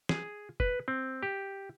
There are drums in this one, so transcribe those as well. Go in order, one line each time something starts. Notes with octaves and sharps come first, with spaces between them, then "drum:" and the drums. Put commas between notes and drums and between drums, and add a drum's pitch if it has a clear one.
G#4, drum: snare
B4, drum: kick
C4
G4